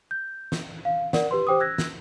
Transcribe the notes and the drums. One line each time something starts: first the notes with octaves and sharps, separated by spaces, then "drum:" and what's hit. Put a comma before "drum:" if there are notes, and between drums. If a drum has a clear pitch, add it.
G6
drum: snare
F5
A#4 D5 F#5, drum: snare
G4 B4 C6
G4 C5 G5 D6 D#6
E6 F#6 G#6 A#6
drum: snare